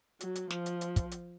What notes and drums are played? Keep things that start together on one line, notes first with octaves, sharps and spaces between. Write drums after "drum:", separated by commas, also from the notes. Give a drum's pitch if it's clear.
F#3, drum: hi-hat
drum: hi-hat
F3, drum: snare
drum: hi-hat
drum: hi-hat
drum: kick, hi-hat
drum: hi-hat